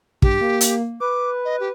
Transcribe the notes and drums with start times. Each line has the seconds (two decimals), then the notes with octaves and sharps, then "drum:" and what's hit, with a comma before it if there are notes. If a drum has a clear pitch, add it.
0.22 G2 G4, drum: kick
0.41 A#3
0.61 drum: hi-hat
1.00 B4 D6
1.45 D#5
1.60 G4